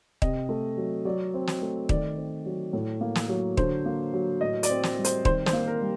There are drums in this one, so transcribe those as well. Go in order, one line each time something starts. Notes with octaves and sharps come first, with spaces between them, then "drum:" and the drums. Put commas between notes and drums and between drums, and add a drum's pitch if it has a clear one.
C3 D#5, drum: kick D#1
A3
F#3
F#3 D5
C4
drum: snare
A3
D#3 D5, drum: kick D#1
C4
F#3
A2
A#3
drum: snare
F#3
D3 C5, drum: kick D#1
A#3
F#3
A2 D#5
D5, drum: hi-hat
C4
drum: snare
G3
C5, drum: hi-hat
D#3 C5, drum: kick D#1
C5, drum: snare
A#3
A#4
G3